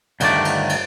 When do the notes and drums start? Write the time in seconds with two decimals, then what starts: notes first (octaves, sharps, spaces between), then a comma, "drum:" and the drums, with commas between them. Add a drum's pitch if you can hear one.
0.20 G2 D3 D#3 F3 A3 D5, drum: cymbal
0.45 drum: cymbal
0.69 drum: cymbal